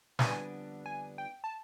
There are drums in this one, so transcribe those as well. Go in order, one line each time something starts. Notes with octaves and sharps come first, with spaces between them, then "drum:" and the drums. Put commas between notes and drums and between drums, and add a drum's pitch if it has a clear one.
F2 D3 G3 B3 D4 G#5, drum: snare
G#5
G5
A5